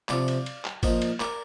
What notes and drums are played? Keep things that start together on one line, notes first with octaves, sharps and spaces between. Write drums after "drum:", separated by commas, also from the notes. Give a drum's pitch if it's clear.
C3 F3 D5 F5, drum: clap
drum: cymbal
drum: cymbal
drum: clap
A#2 F3 C5 D#5, drum: kick G#1, cymbal
drum: cymbal
A#4 D5, drum: clap